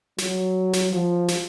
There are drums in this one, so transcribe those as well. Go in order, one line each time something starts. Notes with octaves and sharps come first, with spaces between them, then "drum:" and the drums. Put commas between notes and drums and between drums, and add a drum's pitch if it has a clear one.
F#3, drum: snare
drum: snare
F3
drum: snare